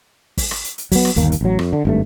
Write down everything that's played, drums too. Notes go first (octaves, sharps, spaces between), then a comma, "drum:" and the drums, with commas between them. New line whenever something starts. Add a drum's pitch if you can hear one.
drum: kick, open hi-hat
drum: rim click
drum: hi-hat
drum: hi-hat
F#3 B3, drum: kick, open hi-hat
drum: rim click
G1 D#2 A#3, drum: hi-hat
drum: hi-hat
A1 F#3
F2, drum: rim click
D3
G#1 G2 A3